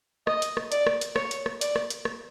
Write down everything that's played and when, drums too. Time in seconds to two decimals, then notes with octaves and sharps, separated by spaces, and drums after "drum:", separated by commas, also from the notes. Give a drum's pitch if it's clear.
0.27 D#5, drum: rim click
0.42 drum: hi-hat
0.57 drum: rim click
0.72 D5, drum: hi-hat
0.87 drum: rim click
1.01 drum: hi-hat
1.16 C#5, drum: rim click
1.31 drum: hi-hat
1.46 drum: rim click
1.61 D5, drum: hi-hat
1.76 drum: rim click
1.90 drum: hi-hat
2.05 drum: rim click